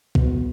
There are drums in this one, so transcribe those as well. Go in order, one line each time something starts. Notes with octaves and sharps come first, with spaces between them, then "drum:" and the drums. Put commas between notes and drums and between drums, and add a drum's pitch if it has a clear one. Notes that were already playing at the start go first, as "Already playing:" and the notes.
B2, drum: kick B1